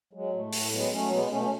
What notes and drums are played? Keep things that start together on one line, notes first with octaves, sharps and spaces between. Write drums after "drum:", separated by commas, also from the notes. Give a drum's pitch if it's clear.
F#3 G#3
A2 A3
A2, drum: open hi-hat
F#3 G#3 B3
F#3 A3 C#4
B2 G#3 B3
B2 A3 C#4
C#4